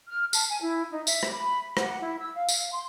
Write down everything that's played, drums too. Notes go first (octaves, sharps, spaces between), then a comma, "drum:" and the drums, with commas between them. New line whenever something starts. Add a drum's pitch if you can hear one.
F6
A5, drum: tambourine
G#5
E4
D#4
E5, drum: tambourine
drum: rim click
B5
F#5, drum: rim click
E4
E6
F5
drum: tambourine
C6